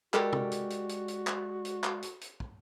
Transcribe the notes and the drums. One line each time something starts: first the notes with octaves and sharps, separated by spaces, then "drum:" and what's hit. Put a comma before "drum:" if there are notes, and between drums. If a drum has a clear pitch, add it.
G#3 F#4 G4 A4 A#4 D5, drum: clap
drum: tom
drum: hi-hat
drum: hi-hat
drum: hi-hat
drum: hi-hat
drum: clap
drum: hi-hat
drum: clap
drum: hi-hat
drum: hi-hat
drum: kick